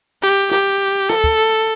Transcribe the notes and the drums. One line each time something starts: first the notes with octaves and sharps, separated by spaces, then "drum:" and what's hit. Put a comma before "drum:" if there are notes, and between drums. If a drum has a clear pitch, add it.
G4
G4, drum: snare
A4, drum: snare
drum: kick